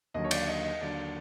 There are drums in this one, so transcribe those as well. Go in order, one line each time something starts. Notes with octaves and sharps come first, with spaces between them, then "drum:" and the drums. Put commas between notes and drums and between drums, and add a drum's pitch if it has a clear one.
D#2 D3 F#3 D#5
C#5
D5, drum: cymbal
D#5
D#5
D#2 D3 F#3 D5